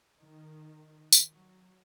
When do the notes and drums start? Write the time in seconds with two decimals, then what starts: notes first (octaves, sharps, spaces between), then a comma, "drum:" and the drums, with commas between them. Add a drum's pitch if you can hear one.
0.21 D#3
1.13 drum: tambourine
1.31 F#3